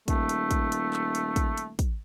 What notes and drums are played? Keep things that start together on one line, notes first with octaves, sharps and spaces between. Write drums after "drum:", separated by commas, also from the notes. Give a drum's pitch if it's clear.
D#1 A3, drum: kick, hi-hat
drum: hi-hat
drum: kick, hi-hat
drum: hi-hat
drum: clap
drum: hi-hat
drum: kick, hi-hat
drum: hi-hat
drum: kick, hi-hat